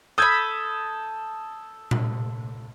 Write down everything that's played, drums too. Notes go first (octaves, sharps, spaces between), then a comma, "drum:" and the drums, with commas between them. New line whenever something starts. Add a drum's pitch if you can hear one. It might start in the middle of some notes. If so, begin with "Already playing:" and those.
A4 B5 D#6 G6 G#6
drum: tom A#2